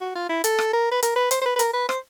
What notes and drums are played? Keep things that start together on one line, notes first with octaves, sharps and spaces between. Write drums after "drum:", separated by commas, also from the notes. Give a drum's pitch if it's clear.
F#4
F4
E4
A4, drum: hi-hat
drum: rim click
A#4
B4
A#4, drum: hi-hat
B4
C5, drum: hi-hat
C5
B4
B4
A#4, drum: hi-hat
B4
C5, drum: rim click